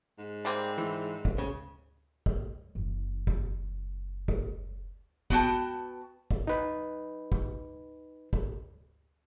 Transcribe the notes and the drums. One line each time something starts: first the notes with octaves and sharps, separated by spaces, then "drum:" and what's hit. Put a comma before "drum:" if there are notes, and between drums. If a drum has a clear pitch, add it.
G#2
G3 A#3 C4
E3
drum: kick
C#3
drum: kick
F#1 E3
drum: kick
drum: kick
B3 F#4 G5 A5, drum: kick
drum: kick
D#4 B4
drum: kick
drum: kick